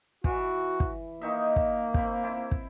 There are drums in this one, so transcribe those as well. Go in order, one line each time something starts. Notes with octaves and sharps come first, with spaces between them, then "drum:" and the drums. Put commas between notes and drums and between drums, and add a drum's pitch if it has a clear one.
E3 F#4, drum: kick
drum: kick
D#3 A#3 D#4 E5
drum: kick
C4 B5, drum: kick
C4 E4
drum: kick